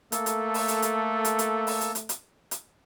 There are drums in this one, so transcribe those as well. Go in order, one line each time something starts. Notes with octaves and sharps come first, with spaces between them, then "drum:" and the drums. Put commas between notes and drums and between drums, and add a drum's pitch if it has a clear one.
A3 A#3 A4, drum: hi-hat
drum: hi-hat
drum: open hi-hat
drum: hi-hat
drum: hi-hat
drum: hi-hat
drum: hi-hat
drum: open hi-hat
drum: hi-hat
drum: hi-hat
drum: hi-hat
drum: hi-hat